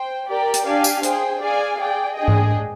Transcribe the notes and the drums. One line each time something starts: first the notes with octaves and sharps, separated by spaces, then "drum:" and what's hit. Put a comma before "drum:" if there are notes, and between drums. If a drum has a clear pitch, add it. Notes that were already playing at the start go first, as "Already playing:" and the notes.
Already playing: C5 G5
G4 A#4 D5 G5
drum: hi-hat
D4 G4 D5 F5 G#5
drum: tambourine
G#4 C5 G5, drum: hi-hat
G#4 D5 F5 G#5
G#4 D5 G5
D4 G#4 D#5 G5
drum: tom G#2